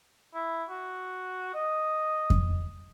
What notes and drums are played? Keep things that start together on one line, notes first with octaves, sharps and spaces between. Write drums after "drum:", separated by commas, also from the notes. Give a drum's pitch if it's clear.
E4
F#4
D#5
drum: kick F2